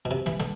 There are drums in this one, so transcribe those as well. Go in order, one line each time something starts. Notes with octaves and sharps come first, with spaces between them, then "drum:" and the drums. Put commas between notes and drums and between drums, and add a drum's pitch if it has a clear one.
B2
C3
E3, drum: snare
D3, drum: snare